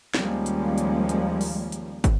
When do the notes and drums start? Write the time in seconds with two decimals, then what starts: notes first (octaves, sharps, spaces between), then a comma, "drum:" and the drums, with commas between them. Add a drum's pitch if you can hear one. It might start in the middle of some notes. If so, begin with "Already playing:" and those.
0.14 D#2 F3 G3 G#3 A#3 C#4, drum: snare
0.46 drum: hi-hat
0.78 drum: hi-hat
1.09 drum: hi-hat
1.41 drum: open hi-hat
1.72 drum: hi-hat
2.04 drum: kick, hi-hat